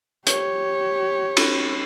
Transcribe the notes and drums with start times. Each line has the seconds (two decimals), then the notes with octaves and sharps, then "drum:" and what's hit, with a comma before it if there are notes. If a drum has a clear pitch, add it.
0.27 G4 C#5, drum: hi-hat
1.37 drum: cymbal